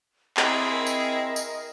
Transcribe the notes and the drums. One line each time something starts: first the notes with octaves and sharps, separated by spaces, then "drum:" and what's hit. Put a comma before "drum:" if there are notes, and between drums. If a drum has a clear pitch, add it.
C4 E4 G#4 D#5 A#5 D6, drum: clap
A#4 D#5 D#6
drum: tambourine
drum: tambourine